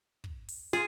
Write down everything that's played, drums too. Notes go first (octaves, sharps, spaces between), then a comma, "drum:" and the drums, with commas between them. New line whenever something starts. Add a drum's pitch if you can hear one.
drum: kick
drum: open hi-hat
F4 G#4